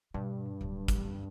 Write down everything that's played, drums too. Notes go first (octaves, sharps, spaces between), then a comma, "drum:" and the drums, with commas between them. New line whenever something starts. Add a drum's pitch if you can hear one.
G2 B2
D1
drum: kick, hi-hat